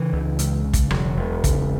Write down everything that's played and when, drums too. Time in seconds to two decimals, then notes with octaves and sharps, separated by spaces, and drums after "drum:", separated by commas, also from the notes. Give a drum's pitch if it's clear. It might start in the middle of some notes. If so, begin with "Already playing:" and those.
Already playing: C#3 E3
0.13 C#2
0.39 C#2, drum: hi-hat
0.64 C#3
0.73 drum: kick, hi-hat
0.91 E1 F#3, drum: rim click
1.17 E1
1.44 C#3, drum: kick, hi-hat